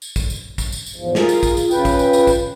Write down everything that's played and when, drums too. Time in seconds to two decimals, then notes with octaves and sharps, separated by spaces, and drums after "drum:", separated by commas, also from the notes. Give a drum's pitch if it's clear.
0.02 drum: tambourine
0.16 drum: kick, tambourine
0.30 drum: tambourine
0.58 drum: kick, tambourine
0.72 drum: tambourine
0.86 drum: tambourine
0.96 E2 G#2 F3
1.15 F4 G#4 A#4, drum: snare
1.29 drum: tambourine
1.43 drum: kick, tambourine
1.57 drum: tambourine
1.71 C#3 F4 B4 G5, drum: tambourine
1.85 drum: kick, tambourine
1.99 drum: tambourine
2.13 drum: tambourine
2.27 drum: kick, tambourine